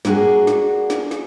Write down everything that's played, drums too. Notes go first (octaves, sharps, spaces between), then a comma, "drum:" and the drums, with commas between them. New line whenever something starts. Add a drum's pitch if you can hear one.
A#3 B3 D4 F#4 G#4, drum: snare
drum: snare
drum: snare
drum: snare